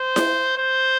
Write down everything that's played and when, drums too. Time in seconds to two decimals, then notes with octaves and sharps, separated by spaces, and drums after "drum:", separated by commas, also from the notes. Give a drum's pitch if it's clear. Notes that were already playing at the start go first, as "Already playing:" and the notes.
Already playing: C5
0.16 drum: snare E4
0.58 C5